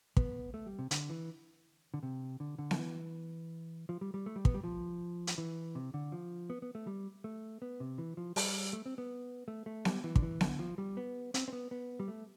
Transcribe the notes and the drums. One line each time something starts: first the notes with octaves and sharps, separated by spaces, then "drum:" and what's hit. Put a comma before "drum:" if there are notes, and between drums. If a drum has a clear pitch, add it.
B3, drum: kick
A3
G3
C3
D3, drum: hi-hat
E3
D3
C3
D3
D3
F3, drum: snare B3
E3
F3
G3
G3
A3
G3
B3, drum: kick
G3
F3
drum: hi-hat
E3
C3
D3
F3
B3
B3
A3
G3
A3
B3
C3
E3
F3
G3, drum: open hi-hat
A3
C4
B3
A3
A3
G3, drum: snare B3
E3
D3, drum: kick
E3
D3, drum: snare B3
F3
G3
B3
C4, drum: hi-hat
C4
B3
B3
G3
A3